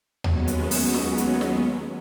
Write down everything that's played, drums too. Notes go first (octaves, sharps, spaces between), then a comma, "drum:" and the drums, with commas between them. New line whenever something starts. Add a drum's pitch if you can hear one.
D#2 F#3 G#3 B3 C#4, drum: tom D#2
drum: hi-hat
drum: open hi-hat
drum: snare
drum: hi-hat
drum: snare